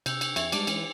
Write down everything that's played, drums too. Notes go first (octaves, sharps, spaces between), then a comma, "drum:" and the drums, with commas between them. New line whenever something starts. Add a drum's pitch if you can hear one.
C3 E6 G6, drum: cymbal
drum: cymbal
F2 C#5 E5, drum: cymbal
G3 G#3 D4 D6 D7, drum: cymbal
E3 C#4, drum: cymbal